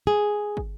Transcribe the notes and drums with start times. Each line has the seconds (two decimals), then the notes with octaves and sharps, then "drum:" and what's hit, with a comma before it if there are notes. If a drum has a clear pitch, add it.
0.07 G#4
0.57 drum: kick